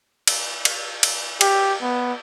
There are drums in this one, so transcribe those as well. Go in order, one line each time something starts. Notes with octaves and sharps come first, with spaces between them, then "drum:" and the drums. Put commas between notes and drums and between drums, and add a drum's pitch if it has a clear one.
drum: cymbal
drum: cymbal
drum: cymbal
G4, drum: cymbal
B3